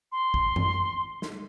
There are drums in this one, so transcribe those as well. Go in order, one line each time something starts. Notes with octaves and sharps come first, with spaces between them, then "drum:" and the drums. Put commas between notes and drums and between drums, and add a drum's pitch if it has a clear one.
C6
drum: kick
drum: tom F#2
drum: snare